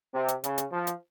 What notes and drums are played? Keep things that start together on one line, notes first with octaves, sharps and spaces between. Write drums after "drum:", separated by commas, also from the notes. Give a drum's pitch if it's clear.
C3
drum: hi-hat
C#3, drum: hi-hat
drum: hi-hat
F3
drum: hi-hat